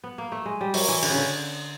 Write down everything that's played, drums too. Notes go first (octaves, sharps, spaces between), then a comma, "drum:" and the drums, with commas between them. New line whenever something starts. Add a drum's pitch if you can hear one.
B3
A#3
A3
G#3
G3
F#3, drum: open hi-hat
E3
D3, drum: cymbal
C#3
D3